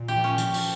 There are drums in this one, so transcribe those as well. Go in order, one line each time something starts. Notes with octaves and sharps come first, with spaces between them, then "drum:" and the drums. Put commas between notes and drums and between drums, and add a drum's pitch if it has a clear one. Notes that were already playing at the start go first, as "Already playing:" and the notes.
Already playing: A#2
G4
F3
C#4
F3, drum: hi-hat
drum: open hi-hat